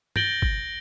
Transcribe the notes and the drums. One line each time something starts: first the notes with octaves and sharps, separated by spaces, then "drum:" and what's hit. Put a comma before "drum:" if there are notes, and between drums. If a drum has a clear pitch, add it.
G6 A6 A#6 D7 F#7 G7, drum: tom G2
drum: kick